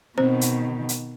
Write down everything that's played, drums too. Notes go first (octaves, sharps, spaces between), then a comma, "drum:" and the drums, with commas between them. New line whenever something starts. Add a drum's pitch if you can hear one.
B2 D#3 C4 C5
drum: hi-hat
drum: hi-hat